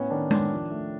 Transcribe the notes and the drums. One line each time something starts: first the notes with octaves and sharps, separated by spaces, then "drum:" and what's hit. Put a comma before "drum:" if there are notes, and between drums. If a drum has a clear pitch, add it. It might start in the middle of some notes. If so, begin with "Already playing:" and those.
Already playing: A2 B3 C#4
D#3 D4
D#3 D4, drum: tom G#3
F3
A3